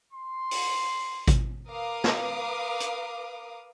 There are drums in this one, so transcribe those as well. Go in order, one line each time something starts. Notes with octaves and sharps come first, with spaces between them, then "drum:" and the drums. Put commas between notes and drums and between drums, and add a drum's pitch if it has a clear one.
C6
drum: open hi-hat
drum: kick G#1, hi-hat
A#4 B4 F5 D6 D#6
drum: snare
drum: hi-hat